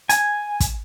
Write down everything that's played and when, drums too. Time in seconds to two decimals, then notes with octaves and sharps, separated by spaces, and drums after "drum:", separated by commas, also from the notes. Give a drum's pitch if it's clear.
0.09 G#5, drum: hi-hat
0.60 drum: kick, hi-hat